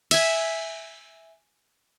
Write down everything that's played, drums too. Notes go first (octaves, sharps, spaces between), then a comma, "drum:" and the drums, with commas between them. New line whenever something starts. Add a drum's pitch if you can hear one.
E5 G#5, drum: cymbal